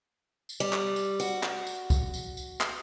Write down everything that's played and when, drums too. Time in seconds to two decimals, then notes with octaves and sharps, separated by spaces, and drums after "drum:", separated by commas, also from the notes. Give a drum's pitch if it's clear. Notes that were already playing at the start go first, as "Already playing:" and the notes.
0.49 drum: tambourine
0.60 G3
0.73 drum: clap
0.96 drum: tambourine
1.20 F#4, drum: tambourine
1.43 drum: clap
1.67 drum: tambourine
1.90 drum: kick C2, tambourine
2.14 drum: tambourine
2.37 drum: tambourine
2.61 drum: clap